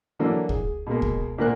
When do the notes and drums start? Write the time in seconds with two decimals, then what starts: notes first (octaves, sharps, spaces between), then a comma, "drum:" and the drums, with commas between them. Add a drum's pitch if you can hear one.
0.19 D3 E3 F#3 A#3 D4 A4
0.49 G#4, drum: kick C#2
0.87 B2 G#3 A#3
1.02 drum: kick C#2
1.38 A#2 D3 A#3 A#4 F#6